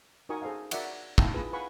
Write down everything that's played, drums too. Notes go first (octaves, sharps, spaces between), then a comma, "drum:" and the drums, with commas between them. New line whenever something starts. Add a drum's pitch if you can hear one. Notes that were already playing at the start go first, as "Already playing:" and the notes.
D#4 F#4 A#4 G#5 C#6 D#6
G#4 A4 C5 D#5 F5
F#4 A#4 D5 E5 F#5 C#6, drum: cymbal
D#4 E4 F5 G5 A5 A#5, drum: kick
F4 G#4 B4 E6
B4 F5 F#5 G#5 B5 C#6